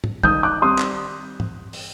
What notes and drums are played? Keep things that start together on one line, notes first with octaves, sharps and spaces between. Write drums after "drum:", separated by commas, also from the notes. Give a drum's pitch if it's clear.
drum: tom
D#3 D#6 G6, drum: kick
D6 F#6
G3 C4 C6 D#6
drum: clap
drum: tom G#2
drum: open hi-hat